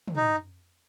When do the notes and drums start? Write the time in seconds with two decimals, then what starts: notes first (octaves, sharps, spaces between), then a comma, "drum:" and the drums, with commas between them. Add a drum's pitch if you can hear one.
0.08 drum: tom
0.17 D#4